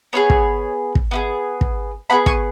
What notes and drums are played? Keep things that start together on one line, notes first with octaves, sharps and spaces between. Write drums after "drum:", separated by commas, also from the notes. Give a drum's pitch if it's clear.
B3 E4 G#4 C#5
drum: kick
drum: kick
B3 E4 G#4
drum: kick
B3 G#4 F#5 B5
G#5 C#6, drum: kick